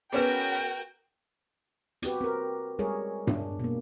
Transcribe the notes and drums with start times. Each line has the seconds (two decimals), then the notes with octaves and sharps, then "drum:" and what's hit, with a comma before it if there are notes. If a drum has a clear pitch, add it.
0.13 B3 C#4 F#4 G#4 A#4 B4 G5 E7
2.02 C4 F#4 G4 B4, drum: hi-hat
2.21 C4 A#4
2.79 G3 G#3 G#4 A#4 C#5
3.27 D4, drum: tom G2
3.59 B2 A#3